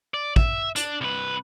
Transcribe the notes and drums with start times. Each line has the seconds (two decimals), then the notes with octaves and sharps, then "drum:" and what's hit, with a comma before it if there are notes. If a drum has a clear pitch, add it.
0.14 D5
0.36 E5, drum: kick
0.76 D4, drum: hi-hat
1.01 C2 B4